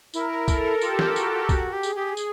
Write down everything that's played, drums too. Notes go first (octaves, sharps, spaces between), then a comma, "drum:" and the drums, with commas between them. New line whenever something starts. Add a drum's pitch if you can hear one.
E4 A#4, drum: tambourine
A4, drum: kick B1, tambourine
F4 G4, drum: tambourine
drum: snare
F#4, drum: tambourine
G4, drum: kick B1, tambourine
F#4
G4
G#4, drum: tambourine
G4
G#4, drum: tambourine